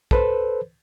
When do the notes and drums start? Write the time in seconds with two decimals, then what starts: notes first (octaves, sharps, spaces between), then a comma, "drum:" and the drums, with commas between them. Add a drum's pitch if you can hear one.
0.11 A4 B4 C5, drum: kick